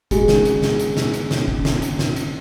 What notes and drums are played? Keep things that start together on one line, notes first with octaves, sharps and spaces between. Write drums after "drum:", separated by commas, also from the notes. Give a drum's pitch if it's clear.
G#3 C#4 F#4, drum: kick F#1, hi-hat
drum: snare
drum: hi-hat
drum: snare
drum: hi-hat
drum: snare
drum: hi-hat
drum: snare
drum: kick F#1
drum: snare
drum: hi-hat
drum: snare
drum: hi-hat